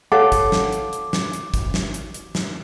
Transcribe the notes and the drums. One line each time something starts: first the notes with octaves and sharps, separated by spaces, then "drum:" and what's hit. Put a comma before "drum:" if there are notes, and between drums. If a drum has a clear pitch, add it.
A4 C#5 F5 F#5 D6
drum: kick, hi-hat
drum: snare
drum: hi-hat
drum: hi-hat
drum: snare
drum: hi-hat
drum: kick, hi-hat
drum: snare
drum: hi-hat
drum: hi-hat
drum: snare